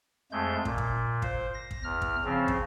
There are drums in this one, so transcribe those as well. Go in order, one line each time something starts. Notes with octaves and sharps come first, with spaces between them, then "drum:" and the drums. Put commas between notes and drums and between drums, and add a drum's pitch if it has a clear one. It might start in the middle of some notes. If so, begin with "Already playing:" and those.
F2 G#3 A3 G6
A#2, drum: kick
drum: kick
C5, drum: kick
A#6
drum: kick
E2 F6
drum: kick
C#3 F3 C4
drum: kick